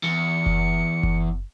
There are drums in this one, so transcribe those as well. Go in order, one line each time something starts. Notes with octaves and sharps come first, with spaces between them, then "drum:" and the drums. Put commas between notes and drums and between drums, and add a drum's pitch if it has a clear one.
E2 C#7
drum: kick F#1
drum: kick F#1